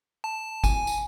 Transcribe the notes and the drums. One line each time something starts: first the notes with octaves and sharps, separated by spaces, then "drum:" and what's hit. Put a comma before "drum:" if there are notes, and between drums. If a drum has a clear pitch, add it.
A5
G#5, drum: kick G1, tambourine
drum: tambourine